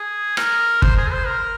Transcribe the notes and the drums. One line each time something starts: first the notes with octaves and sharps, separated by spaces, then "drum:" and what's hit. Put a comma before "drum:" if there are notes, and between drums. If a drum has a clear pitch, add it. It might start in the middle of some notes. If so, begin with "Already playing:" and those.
Already playing: G#4
A#4, drum: rim click
C5, drum: kick G1
G#4
C5
A#4